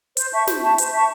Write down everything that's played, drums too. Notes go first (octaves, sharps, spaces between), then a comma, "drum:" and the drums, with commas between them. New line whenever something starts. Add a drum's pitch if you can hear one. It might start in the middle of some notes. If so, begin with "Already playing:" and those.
C5, drum: hi-hat
E5 A5 C#6
C5, drum: snare
E5 A5 C#6
C5, drum: hi-hat
E5 A5 C#6